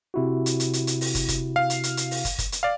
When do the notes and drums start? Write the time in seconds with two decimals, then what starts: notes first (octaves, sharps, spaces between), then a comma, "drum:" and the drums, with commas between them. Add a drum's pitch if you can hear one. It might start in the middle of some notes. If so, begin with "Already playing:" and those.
0.14 C3 E4 F#4
0.46 drum: hi-hat
0.60 drum: hi-hat
0.73 drum: hi-hat
0.87 drum: hi-hat
1.01 drum: open hi-hat
1.15 drum: kick, hi-hat
1.28 drum: kick, hi-hat
1.56 F5
1.70 drum: hi-hat
1.83 drum: hi-hat
1.97 drum: hi-hat
2.11 drum: open hi-hat
2.25 drum: kick, hi-hat
2.39 drum: kick, hi-hat
2.52 drum: hi-hat
2.63 D5 F5